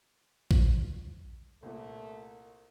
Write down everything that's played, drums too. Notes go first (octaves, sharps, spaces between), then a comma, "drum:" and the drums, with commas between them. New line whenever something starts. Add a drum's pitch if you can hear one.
drum: kick A#1
C2 A#2 A3